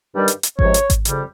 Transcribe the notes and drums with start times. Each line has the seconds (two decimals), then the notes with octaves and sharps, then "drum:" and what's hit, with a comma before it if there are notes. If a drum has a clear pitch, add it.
0.13 G2 D#3 G3
0.28 drum: hi-hat
0.43 drum: hi-hat
0.59 C#2 C3 F3 G#3 C#5, drum: kick G#1
0.74 drum: hi-hat
0.90 drum: kick G#1, hi-hat
1.05 F2 C#3 G3, drum: hi-hat